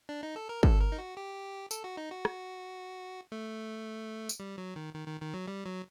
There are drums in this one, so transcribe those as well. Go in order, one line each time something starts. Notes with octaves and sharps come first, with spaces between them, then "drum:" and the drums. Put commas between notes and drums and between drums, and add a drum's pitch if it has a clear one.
D4
D#4
A4
A#4
A4, drum: kick
A#4
D#4
F#4
G4
A4, drum: tambourine
F#4
D#4
F#4
drum: rim click
A3
drum: tambourine
G3
F#3
D#3
D#3
D#3
D#3
F#3
G3
F#3